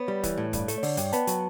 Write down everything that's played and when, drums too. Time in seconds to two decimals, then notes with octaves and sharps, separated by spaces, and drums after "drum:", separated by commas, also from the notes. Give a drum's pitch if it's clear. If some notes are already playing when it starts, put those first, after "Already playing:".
Already playing: B3 C#5
0.08 G3
0.23 E3, drum: kick, hi-hat
0.38 A2
0.53 G2, drum: kick, hi-hat
0.68 A3, drum: hi-hat
0.78 C#5
0.83 D3 D5, drum: open hi-hat
0.97 G2 G5, drum: hi-hat
1.12 B3 A5, drum: hi-hat
1.27 F#3, drum: hi-hat